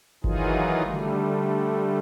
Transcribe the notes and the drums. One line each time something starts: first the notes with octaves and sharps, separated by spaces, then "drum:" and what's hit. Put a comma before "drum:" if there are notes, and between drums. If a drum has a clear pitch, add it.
D#3 E3 F#3 D#4 F4 G#4, drum: kick G1
D3 G3 A3